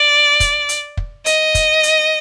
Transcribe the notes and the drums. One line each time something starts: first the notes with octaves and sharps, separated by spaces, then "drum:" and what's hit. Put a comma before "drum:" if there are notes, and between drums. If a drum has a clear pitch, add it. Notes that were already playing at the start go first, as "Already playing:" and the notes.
Already playing: D5
drum: kick, hi-hat
drum: hi-hat
drum: kick
D#5, drum: hi-hat
drum: kick, hi-hat
drum: hi-hat